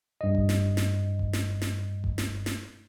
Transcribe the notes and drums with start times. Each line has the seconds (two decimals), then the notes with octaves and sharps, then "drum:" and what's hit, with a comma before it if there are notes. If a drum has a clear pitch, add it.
0.21 G2 D#5
0.35 drum: kick F#1
0.49 drum: snare
0.77 drum: snare
1.19 drum: kick F#1
1.33 drum: snare
1.62 drum: snare
2.04 drum: kick F#1
2.18 drum: snare
2.46 drum: snare